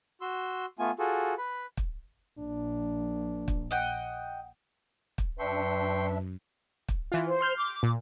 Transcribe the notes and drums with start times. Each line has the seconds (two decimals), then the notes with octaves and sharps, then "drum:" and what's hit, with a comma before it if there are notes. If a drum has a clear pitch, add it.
0.21 F#4 C6 E6
0.79 A3 B3 F4 G#5
0.99 F4 F#4 G#4 A4
1.38 B4 B5
1.77 drum: kick
2.39 A#1 D4
3.48 drum: kick
3.71 D#5 F#5 G5
5.18 drum: kick
5.39 F#2 D4 B4 E5 G5 C6 C#6
6.88 drum: kick
7.12 E3 F4
7.28 C5
7.41 C6 F6 G6
7.56 D6
7.83 A#2